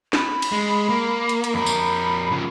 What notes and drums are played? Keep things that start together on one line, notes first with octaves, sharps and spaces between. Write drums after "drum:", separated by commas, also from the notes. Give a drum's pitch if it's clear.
B5, drum: snare
drum: cymbal
G#3
A#3
drum: hi-hat
drum: hi-hat
F2 A#4 B5
drum: tambourine
C#3 F3